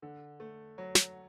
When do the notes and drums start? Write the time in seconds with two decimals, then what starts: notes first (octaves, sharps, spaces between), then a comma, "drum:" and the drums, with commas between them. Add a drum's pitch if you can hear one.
0.02 D3
0.40 A3
0.78 F#3
0.95 drum: snare